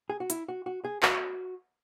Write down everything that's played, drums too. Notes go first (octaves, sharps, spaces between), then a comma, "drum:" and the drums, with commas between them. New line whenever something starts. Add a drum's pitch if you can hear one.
G#4
F#4
E4, drum: hi-hat
F#4
F#4
G#4
F#4, drum: clap